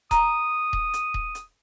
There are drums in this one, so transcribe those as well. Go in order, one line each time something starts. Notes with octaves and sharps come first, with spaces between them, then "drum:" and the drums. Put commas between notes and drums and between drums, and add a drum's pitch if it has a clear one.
A#5 D#6, drum: kick D#1, hi-hat
drum: kick D#1
drum: hi-hat
drum: kick D#1
drum: hi-hat